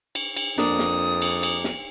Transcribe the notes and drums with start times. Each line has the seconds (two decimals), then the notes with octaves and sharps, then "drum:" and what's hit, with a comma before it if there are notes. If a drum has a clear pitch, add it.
0.15 drum: cymbal
0.36 drum: cymbal
0.58 F2 A#3 D4 D#6, drum: snare
0.79 drum: snare
1.22 drum: cymbal
1.43 drum: cymbal
1.64 drum: snare